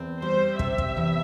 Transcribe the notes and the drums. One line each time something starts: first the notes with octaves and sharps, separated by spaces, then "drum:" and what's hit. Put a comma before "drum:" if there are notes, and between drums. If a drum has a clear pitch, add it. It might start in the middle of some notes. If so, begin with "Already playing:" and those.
Already playing: E2 C4
G3 C5
C3 E5, drum: kick
drum: kick
E2